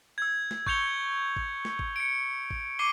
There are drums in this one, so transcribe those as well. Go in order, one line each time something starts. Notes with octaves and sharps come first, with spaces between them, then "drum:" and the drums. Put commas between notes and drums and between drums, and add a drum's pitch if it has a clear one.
E6 G#6
drum: snare
C#6 G6 G#6 C#7 F7 G7, drum: kick G#1
drum: kick G#1
drum: snare
drum: kick G#1
C#7 D7
drum: kick G#1
D6 C7 D7 D#7 G7